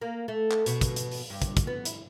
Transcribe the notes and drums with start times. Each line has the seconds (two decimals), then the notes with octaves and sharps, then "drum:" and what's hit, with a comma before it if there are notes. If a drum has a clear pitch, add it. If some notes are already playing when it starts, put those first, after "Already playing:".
0.01 A#3
0.28 A3
0.51 drum: clap
0.66 B2, drum: hi-hat
0.81 drum: kick, hi-hat
0.96 drum: hi-hat
1.11 drum: open hi-hat
1.30 G2
1.42 drum: kick, hi-hat
1.57 drum: kick, hi-hat
1.67 B3
1.85 E4, drum: hi-hat